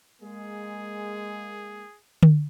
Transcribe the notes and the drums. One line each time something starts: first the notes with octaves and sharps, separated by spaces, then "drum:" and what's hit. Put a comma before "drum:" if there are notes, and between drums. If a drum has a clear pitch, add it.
G#3 A#3 G#4
drum: tom D3